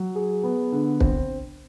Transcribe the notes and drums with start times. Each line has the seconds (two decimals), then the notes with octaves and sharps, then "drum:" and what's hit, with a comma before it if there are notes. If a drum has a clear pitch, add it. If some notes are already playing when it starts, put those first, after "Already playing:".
Already playing: F#3
0.15 G#4
0.43 B3
0.72 D3
1.00 C4, drum: kick